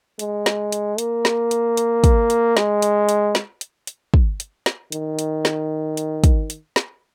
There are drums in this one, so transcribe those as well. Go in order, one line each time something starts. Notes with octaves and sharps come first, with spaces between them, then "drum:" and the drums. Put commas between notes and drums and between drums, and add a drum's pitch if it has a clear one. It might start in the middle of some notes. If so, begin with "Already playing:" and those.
G#3, drum: hi-hat
drum: snare
drum: hi-hat
A#3, drum: hi-hat
drum: snare
drum: hi-hat
drum: hi-hat
drum: kick, hi-hat
drum: hi-hat
G#3, drum: snare
drum: hi-hat
drum: hi-hat
drum: snare
drum: hi-hat
drum: hi-hat
drum: kick
drum: hi-hat
drum: snare
D#3, drum: hi-hat
drum: hi-hat
drum: snare
drum: hi-hat
drum: kick, hi-hat
drum: hi-hat
drum: snare